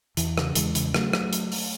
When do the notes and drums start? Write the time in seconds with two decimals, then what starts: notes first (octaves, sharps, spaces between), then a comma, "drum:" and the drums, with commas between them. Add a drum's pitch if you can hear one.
0.17 E2 E3, drum: hi-hat
0.38 C#3, drum: rim click
0.55 E2 E3 G#3, drum: hi-hat
0.75 C#3, drum: hi-hat
0.94 F#3 A3, drum: rim click
1.13 drum: rim click
1.33 drum: hi-hat
1.52 drum: open hi-hat